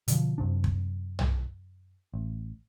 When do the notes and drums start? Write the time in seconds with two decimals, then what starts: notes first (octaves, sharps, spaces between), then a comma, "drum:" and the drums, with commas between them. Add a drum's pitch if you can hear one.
0.08 B2 D3 F3, drum: hi-hat
0.38 F#2 C3 D4
0.64 drum: kick
1.19 drum: tom B1
2.14 A1